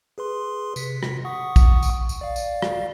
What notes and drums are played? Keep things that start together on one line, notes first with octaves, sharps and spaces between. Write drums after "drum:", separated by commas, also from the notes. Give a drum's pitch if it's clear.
G#4 B4 C6
C3 B6, drum: tambourine
drum: rim click
F#5 C#6 D#6
drum: kick A#1, tambourine
drum: tambourine
drum: tambourine
D5 F5
drum: tambourine
drum: rim click